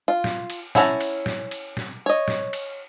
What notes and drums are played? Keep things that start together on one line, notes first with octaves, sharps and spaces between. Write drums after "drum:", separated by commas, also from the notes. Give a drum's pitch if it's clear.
F4
drum: snare
drum: cymbal
C#4 E4 F#5 A5 A#5, drum: snare
drum: cymbal
drum: snare
drum: cymbal
drum: snare
C#5 D#5
drum: snare
drum: cymbal